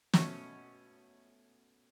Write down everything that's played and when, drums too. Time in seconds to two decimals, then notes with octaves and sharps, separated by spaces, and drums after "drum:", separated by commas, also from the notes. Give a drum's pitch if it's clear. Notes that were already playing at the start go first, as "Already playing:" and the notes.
0.14 B2 A3 C#4, drum: snare